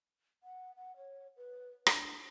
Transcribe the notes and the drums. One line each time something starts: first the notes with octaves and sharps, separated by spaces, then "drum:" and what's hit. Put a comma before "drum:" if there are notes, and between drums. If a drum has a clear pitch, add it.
F#5
F#5
C#5
B4
D4, drum: rim click